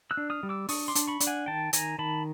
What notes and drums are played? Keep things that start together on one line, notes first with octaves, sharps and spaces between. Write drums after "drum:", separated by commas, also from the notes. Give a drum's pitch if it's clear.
E6 F#6
D4
D#6 F6
G3
D6 E6
D4 C#6 D#6, drum: open hi-hat
C6 D6
D4, drum: hi-hat
B5 C#6
D4, drum: hi-hat
F#5 G#5
D#3 G5 A5
D#3 G#5 A#5, drum: hi-hat
D#3 A5 B5